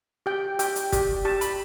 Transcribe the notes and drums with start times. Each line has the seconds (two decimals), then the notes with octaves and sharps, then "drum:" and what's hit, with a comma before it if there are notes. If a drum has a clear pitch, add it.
0.26 G4 G5
0.59 G4 G5, drum: hi-hat
0.75 drum: hi-hat
0.93 G4, drum: kick, hi-hat
1.25 G4 A5
1.41 B5, drum: hi-hat